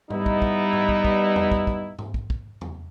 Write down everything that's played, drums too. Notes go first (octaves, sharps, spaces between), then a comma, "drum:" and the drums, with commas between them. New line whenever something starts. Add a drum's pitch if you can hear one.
G3 B3 D#4 E4, drum: tom G#2
drum: kick
drum: kick
drum: tom G#2
drum: kick
drum: kick
drum: tom E2
drum: kick
drum: kick
drum: tom G#2
drum: kick
drum: kick
drum: tom E2